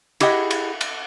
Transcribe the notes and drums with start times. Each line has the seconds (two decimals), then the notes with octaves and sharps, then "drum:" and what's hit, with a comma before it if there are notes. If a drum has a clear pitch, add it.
0.20 E4 G4 G#4 D#5 F#5, drum: cymbal
0.51 drum: cymbal
0.81 drum: cymbal